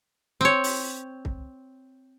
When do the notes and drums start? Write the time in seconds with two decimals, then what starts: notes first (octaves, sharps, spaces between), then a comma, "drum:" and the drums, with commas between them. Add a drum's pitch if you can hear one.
0.41 C4 C#5
0.64 drum: open hi-hat
1.25 drum: kick C2